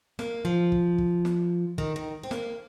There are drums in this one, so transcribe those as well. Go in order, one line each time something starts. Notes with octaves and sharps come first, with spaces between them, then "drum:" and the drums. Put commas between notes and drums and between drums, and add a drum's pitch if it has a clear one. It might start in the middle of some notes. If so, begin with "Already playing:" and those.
A#3, drum: snare
F3
drum: kick
drum: kick
drum: snare
D#3, drum: kick
D#3
C4
A#3, drum: snare